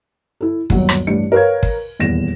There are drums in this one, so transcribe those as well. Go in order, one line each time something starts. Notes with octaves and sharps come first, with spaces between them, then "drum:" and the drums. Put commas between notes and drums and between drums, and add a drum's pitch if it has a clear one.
E4 A4
G1 D#2 F#3, drum: kick
drum: rim click
A1 G2 D4 C#7
A#4 B4 C#5 F5 G#6
drum: kick
D#1 E2 A#2 A#6 E7